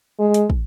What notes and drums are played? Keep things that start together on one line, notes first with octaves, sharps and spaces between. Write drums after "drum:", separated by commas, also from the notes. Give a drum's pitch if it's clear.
G#3
drum: hi-hat
drum: kick